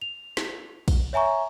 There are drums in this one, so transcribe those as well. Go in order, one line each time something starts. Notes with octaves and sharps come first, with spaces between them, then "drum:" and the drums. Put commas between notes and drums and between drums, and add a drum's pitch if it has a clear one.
F7
drum: snare
drum: kick, cymbal
C#5 E5 G#5 A#5 C#6